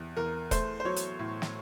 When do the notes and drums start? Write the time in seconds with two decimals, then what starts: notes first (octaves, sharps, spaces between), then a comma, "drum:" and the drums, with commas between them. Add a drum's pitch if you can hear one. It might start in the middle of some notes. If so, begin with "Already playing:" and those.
Already playing: E2 C3
0.17 E2 A#4
0.51 A3 C5, drum: kick E1, hi-hat
0.80 C5
0.85 F#3 C#5
0.96 drum: hi-hat
1.19 A2
1.42 drum: snare